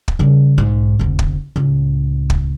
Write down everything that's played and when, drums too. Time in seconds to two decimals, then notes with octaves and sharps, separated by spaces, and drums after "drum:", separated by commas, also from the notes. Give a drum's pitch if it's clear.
0.08 drum: kick
0.19 C#3 G3
0.58 B1 G#2
0.99 F1 D2
1.19 drum: kick
1.56 C#2 A2
2.30 drum: kick